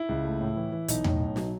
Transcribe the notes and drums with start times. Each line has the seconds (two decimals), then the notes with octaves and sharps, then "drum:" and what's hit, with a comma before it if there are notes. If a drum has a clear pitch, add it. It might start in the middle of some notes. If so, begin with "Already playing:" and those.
Already playing: E4
0.09 C#2
0.25 A3
0.40 A2
0.56 E3
0.72 E3
0.88 B1 D#4, drum: hi-hat
1.04 A2, drum: tom E2
1.20 B1
1.36 F#3, drum: snare